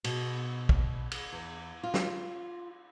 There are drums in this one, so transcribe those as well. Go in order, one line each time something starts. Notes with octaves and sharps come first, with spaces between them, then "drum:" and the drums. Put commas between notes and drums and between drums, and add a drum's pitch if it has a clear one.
B2, drum: cymbal
drum: kick
drum: cymbal
E2
F4
drum: snare